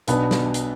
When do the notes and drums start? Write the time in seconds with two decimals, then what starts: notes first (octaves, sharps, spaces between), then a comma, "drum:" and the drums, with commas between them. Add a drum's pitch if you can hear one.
0.07 B1 B2 B3 D4, drum: hi-hat
0.31 drum: snare
0.54 drum: hi-hat